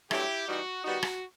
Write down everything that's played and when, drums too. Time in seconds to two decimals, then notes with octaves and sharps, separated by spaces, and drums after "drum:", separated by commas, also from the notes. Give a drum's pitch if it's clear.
0.11 G2 F#3 A3 E4 G4, drum: rim click
0.47 E3 G3 D#4 F#4
0.84 D#3 G3 B3 D#4 F#4
1.03 drum: rim click